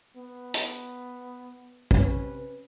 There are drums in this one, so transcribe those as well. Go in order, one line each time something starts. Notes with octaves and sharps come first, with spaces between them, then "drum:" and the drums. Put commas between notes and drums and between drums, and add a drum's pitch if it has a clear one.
B3
drum: hi-hat
C3 C#4 B4, drum: kick